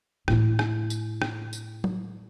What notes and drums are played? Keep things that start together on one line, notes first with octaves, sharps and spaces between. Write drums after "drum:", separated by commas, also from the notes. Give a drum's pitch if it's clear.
A2 E4, drum: rim click
drum: rim click
drum: tambourine
drum: rim click
drum: tambourine
drum: tom F#3